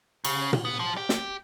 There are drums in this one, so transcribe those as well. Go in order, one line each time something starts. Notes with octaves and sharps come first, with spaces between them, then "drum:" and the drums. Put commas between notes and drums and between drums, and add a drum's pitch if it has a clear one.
C#3, drum: cymbal
drum: tom A#2
B3
F3
G4
drum: snare